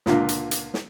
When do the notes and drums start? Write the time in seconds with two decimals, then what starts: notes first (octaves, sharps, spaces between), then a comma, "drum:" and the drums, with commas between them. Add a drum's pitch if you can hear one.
0.06 C#2 A#2 D3 A#3, drum: snare
0.29 drum: hi-hat
0.51 drum: hi-hat
0.74 drum: snare